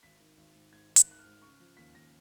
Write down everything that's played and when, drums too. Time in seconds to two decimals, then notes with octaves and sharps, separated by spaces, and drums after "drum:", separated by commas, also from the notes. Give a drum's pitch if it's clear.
0.03 G#1 B6
0.20 D#3
0.37 G#1
0.55 G#2
0.72 G#2 G#6
0.90 D#3
0.96 F#6, drum: hi-hat
1.07 D#3 F#6
1.19 F6
1.24 G#2
1.42 C#3 C#6
1.60 F3
1.77 D#2 B6
1.95 D#2 A#6